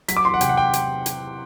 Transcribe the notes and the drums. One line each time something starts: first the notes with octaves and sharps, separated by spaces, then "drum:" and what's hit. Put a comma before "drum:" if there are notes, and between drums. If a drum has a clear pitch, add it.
F#3 B6, drum: hi-hat
D6
E2 C6
F#5
C3 G5, drum: hi-hat
F#5
G5
drum: hi-hat
drum: hi-hat